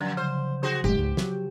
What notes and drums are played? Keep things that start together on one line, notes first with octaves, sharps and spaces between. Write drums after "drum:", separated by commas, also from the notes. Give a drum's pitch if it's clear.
F#2 D3 F3 F#3
C#3 C5
F#4 G#4 C5
F#1 G#3 G4, drum: tom
C#2 G#2
F#3, drum: snare